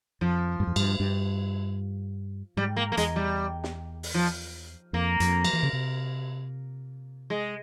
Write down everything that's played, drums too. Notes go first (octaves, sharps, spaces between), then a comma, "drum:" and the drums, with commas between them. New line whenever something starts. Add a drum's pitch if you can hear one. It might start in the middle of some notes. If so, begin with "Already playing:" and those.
F2 F3
G2
F2
G2, drum: cymbal
G2
G#2 G3
A#3
A#3
E2 G#3, drum: hi-hat
G3
drum: snare
drum: open hi-hat
F3
F2 A#3
F2, drum: hi-hat
F3, drum: cymbal
E3
C#3
C3
G#3